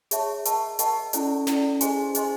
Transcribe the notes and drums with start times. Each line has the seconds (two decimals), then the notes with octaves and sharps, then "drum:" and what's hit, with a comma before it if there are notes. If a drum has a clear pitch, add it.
0.11 G#4 C#5 E5 A5 C#6, drum: hi-hat
0.45 A#4 D#5 F#5 A5 C#6, drum: hi-hat
0.79 A#4 D#5 F#5 A5 C#6, drum: hi-hat
1.13 C#4 E4 A4 D5, drum: hi-hat
1.47 C#4 E4 A4 D5, drum: snare
1.81 G#4 C5 D#5 G#5 C6, drum: hi-hat
2.15 G#4 C5 D#5 G#5 C6, drum: hi-hat